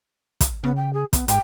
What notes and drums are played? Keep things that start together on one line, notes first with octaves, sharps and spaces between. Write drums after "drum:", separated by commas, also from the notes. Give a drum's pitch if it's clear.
drum: kick, hi-hat
C#3 B3
G5
G#4
B3, drum: kick, hi-hat
G#2 G5, drum: hi-hat